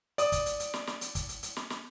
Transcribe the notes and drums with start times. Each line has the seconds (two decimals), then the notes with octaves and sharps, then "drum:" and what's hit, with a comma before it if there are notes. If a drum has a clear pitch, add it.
0.18 D5 D#6, drum: hi-hat
0.32 drum: kick, hi-hat
0.46 drum: hi-hat
0.60 drum: hi-hat
0.74 drum: snare
0.87 drum: snare
1.01 drum: hi-hat
1.15 drum: kick, hi-hat
1.29 drum: hi-hat
1.43 drum: hi-hat
1.56 drum: snare
1.70 drum: snare